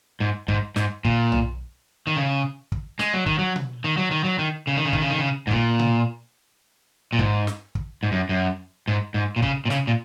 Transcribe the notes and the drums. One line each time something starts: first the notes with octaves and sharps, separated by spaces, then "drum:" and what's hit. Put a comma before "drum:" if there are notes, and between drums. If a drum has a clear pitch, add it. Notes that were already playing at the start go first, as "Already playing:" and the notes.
G#2
G#2, drum: kick
G#2, drum: snare
A#2, drum: kick
drum: tom
D#3
C#3
drum: kick
G#3, drum: snare
F#3
D#3, drum: kick
F#3
drum: tom B2
D#3
F#3
D#3
F#3
D#3
C#3
D#3
C#3
D#3, drum: kick
C#3
D#3
C#3
G#2
A#2, drum: kick
drum: tom B2
A#2
G#2, drum: kick
drum: snare
drum: kick
G#2
F#2
F#2
G#2
G#2
A#2
C#3, drum: kick
A#2
C#3, drum: snare
A#2